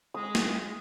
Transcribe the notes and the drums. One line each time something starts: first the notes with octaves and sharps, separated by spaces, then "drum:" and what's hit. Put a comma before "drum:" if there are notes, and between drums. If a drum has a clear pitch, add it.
G#3 D#6
drum: snare